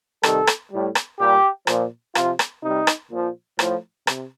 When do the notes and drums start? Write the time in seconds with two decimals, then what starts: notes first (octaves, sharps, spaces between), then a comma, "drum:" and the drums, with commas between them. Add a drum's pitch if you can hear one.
0.23 C3 D#3 G3 A4, drum: rim click
0.47 drum: rim click
0.71 A2 G3
0.95 drum: rim click
1.19 A#2 G3 G4
1.67 A#2 F3, drum: rim click
2.15 C3 F3 F4, drum: rim click
2.39 drum: rim click
2.63 C3 G3 D#4
2.87 drum: rim click
3.11 A#2 F3
3.59 A2 F3, drum: rim click
4.07 C3, drum: rim click